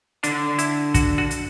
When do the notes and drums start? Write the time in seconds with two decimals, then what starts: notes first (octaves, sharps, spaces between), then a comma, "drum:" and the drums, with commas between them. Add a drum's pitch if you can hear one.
0.24 D3 D4, drum: hi-hat
0.59 E4, drum: hi-hat
0.94 F#4, drum: kick, hi-hat
1.18 F#4
1.31 drum: hi-hat